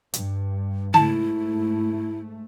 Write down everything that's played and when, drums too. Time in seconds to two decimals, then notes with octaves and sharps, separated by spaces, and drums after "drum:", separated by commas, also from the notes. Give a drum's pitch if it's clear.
0.14 G2, drum: hi-hat
0.94 G#2 A3 E4 A5, drum: tom C#3